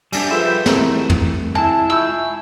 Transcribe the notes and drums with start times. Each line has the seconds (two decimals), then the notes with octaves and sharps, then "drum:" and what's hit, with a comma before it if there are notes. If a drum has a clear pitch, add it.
0.12 G3 D4 G4 G#5 A#6, drum: cymbal
0.31 F3 G#4 A4 B4 C5 E5 G5 B5
0.66 C3 E3 A3 G#4 A#4 A#5, drum: snare
1.10 drum: tom
1.55 G#3 E4 G#5 A5
1.90 F4 E5 G#5 B5 C#6 E6 G6